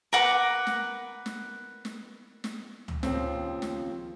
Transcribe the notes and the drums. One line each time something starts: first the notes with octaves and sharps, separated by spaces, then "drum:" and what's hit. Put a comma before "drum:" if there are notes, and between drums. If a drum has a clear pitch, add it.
A#4 B4 F#5 D6
drum: snare
drum: snare
drum: snare
drum: snare
drum: tom C#2
D#2 C#3 F3 C4, drum: snare
drum: snare